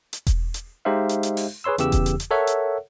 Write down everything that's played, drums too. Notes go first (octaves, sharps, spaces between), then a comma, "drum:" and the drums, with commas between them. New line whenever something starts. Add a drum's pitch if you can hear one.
drum: hi-hat
drum: kick E1, hi-hat
drum: hi-hat
G#3 D#4 G4 C5 E5 F5
drum: hi-hat
drum: hi-hat
drum: open hi-hat
G#4 B4 C#5 C6 E6
E2 C#3 E3 G4 E6, drum: hi-hat
drum: kick E1, hi-hat
drum: hi-hat
drum: hi-hat
A4 A#4 C#5 E5 F#5
drum: hi-hat